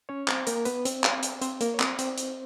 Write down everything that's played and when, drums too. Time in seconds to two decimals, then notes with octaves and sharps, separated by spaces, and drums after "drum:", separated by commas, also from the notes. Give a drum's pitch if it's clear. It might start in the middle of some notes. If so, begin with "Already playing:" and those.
0.09 C#4 C#5
0.28 C4 C5, drum: clap
0.47 A#3 A#4, drum: hi-hat
0.65 B3 B4, drum: hi-hat
0.85 C4 C5, drum: hi-hat
1.04 drum: clap
1.23 drum: hi-hat
1.42 C4 C5, drum: hi-hat
1.61 A#3 A#4, drum: hi-hat
1.74 C#5
1.80 C4 C5, drum: clap
1.99 C4 C5, drum: hi-hat
2.18 drum: hi-hat